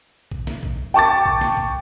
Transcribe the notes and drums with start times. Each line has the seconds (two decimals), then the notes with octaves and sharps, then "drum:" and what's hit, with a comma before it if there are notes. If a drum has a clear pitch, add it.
0.31 drum: kick A#1
0.47 drum: snare
0.63 drum: kick A#1
0.94 G5 A5 C#6 D6 A6
1.26 drum: kick A#1
1.41 drum: snare
1.57 drum: kick A#1